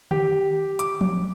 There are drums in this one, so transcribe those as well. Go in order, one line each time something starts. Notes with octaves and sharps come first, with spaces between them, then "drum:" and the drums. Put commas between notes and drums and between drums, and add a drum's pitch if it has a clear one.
G4, drum: tom D3
D6, drum: hi-hat
drum: tom F3